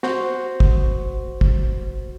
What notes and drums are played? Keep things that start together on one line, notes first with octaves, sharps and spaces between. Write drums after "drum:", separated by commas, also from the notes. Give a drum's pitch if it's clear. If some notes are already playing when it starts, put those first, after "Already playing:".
F#4 C5, drum: snare
drum: kick
drum: kick